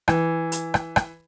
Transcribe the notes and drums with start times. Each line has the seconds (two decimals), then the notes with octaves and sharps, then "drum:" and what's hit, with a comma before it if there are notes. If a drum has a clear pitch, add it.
0.08 E3, drum: rim click
0.52 drum: hi-hat
0.74 drum: rim click
0.96 drum: rim click